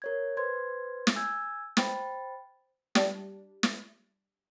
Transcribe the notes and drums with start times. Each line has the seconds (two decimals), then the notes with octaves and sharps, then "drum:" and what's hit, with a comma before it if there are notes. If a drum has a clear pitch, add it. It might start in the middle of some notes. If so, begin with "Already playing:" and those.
0.02 A#4 C#5 G#6
0.37 B4 C5 C6 G#6
1.07 drum: snare
1.16 G#5 E6 G6 G#6
1.77 C5 G5 B5 A6, drum: snare
2.95 G3 D4, drum: snare
3.63 drum: snare